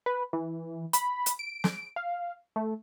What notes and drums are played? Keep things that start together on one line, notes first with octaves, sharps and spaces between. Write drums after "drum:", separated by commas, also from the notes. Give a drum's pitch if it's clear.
B4
E3
B5, drum: hi-hat
drum: hi-hat
D7
drum: snare
F5
A3